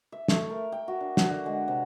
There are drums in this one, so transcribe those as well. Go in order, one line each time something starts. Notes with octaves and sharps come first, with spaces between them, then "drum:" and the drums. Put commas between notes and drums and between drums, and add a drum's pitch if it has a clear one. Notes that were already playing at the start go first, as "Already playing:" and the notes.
E5
A3, drum: snare
A#4
G5
F#4
D4
F#4, drum: snare
D3
G#3
C3